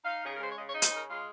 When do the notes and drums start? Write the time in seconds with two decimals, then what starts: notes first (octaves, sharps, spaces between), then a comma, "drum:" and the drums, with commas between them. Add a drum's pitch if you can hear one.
0.04 D#4 F5
0.22 C#3 G#4
0.34 A#4
0.38 G#3 C5
0.49 C#5
0.56 C#3 D#5
0.69 C#5
0.73 D#4
0.82 C5, drum: hi-hat
0.90 C#3
0.95 A#4
1.08 G#3 F4